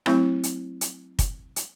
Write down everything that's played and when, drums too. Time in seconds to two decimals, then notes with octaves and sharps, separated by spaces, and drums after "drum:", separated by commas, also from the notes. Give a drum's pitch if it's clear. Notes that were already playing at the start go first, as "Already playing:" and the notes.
0.06 F#3 A3 C4 E4, drum: rim click
0.43 drum: hi-hat
0.81 drum: hi-hat
1.19 drum: kick, hi-hat
1.56 drum: hi-hat